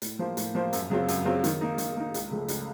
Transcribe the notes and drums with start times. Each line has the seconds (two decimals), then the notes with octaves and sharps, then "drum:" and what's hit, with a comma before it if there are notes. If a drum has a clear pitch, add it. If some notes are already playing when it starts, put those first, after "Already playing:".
0.02 A2, drum: hi-hat
0.19 F3 A#3 F4 C5
0.37 A2, drum: hi-hat
0.55 F3 A#3 F4 C5
0.73 F#2, drum: hi-hat
0.90 C#3 F#3 C4 F4
1.08 F#2, drum: hi-hat
1.25 C#3 F#3 C4 F4
1.44 D#3, drum: hi-hat
1.61 A#3 D#4
1.78 D#3, drum: hi-hat
1.97 A#3 D#4
2.14 C#2, drum: hi-hat
2.31 C#3 F3 A3
2.48 C#2, drum: hi-hat